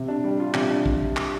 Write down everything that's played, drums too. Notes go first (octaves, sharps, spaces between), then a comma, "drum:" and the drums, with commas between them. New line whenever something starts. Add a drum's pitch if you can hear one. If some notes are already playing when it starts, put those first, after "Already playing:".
Already playing: C3
D4
G3
F4
C3, drum: clap
D4
drum: kick
drum: clap